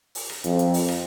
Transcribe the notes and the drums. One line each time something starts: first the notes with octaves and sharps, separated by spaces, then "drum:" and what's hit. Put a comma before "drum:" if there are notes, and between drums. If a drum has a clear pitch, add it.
drum: open hi-hat
drum: rim click
F2, drum: hi-hat
drum: hi-hat
drum: open hi-hat
drum: rim click